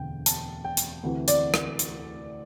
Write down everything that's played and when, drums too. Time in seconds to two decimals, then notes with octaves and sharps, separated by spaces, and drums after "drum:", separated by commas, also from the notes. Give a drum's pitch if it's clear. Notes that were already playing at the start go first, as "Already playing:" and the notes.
Already playing: E1 D2 D3 G5
0.26 A5, drum: hi-hat
0.65 G5
0.77 drum: hi-hat
1.03 D2 C3 E3
1.28 D5, drum: hi-hat
1.54 drum: rim click
1.79 drum: hi-hat